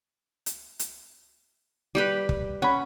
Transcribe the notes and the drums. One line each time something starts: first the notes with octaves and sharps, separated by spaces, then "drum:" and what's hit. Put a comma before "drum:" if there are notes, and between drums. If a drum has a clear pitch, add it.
drum: hi-hat
drum: hi-hat
G3 G4 B4
drum: kick
C#4 F#5 B5